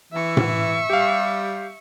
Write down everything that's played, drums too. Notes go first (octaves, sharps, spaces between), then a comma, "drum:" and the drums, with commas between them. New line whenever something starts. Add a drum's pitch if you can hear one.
E3 E5 C#6
drum: tom A2
G3 G4 F5